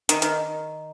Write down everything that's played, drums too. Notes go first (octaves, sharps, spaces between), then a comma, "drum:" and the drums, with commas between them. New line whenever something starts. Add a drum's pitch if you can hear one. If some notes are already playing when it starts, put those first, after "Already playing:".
D#3, drum: hi-hat
D#3, drum: hi-hat